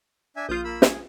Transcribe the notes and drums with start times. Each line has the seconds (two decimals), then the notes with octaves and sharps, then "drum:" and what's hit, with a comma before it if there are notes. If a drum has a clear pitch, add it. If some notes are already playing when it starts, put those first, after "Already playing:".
0.36 D4 E5 G#5
0.49 A#1 F4 D#6 G6
0.64 A#3 B5 E6
0.82 G#4, drum: snare